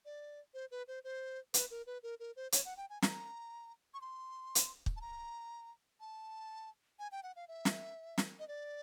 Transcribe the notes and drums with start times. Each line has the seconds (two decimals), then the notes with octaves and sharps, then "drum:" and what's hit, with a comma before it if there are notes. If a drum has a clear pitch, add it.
0.05 D5
0.54 C5
0.71 B4
0.88 C5
1.04 C5
1.54 B4, drum: hi-hat
1.71 A#4
1.86 B4
2.03 A#4
2.20 A#4
2.36 C5
2.52 C#5, drum: hi-hat
2.65 F#5
2.77 G5
2.90 G#5
3.02 A#5, drum: snare
3.94 C#6
4.01 C6
4.55 drum: hi-hat
4.86 drum: kick
4.96 A5
5.01 A#5
6.00 A5
6.99 G#5
7.12 G5
7.23 F#5
7.36 F5
7.48 E5
7.65 drum: snare
8.18 drum: snare
8.39 D#5
8.48 D5